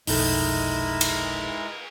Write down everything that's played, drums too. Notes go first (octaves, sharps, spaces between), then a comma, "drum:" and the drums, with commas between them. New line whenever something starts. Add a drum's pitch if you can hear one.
F1 B1 F2 G#3 D#4 E4 A4 A#4, drum: open hi-hat
drum: cymbal